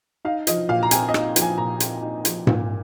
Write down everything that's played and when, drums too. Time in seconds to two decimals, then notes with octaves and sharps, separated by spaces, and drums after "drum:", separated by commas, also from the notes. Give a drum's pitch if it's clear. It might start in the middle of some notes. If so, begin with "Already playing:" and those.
0.25 D#4 F5
0.47 F3 D#5, drum: hi-hat
0.69 A#2 F5
0.83 A#5
0.91 C4 G#5, drum: hi-hat
1.08 D#5
1.14 D#4, drum: rim click
1.36 F3, drum: hi-hat
1.42 G#5
1.58 A#2 A#5
1.80 C4, drum: hi-hat
2.03 D#4
2.25 F3, drum: hi-hat
2.47 A#2, drum: tom G#2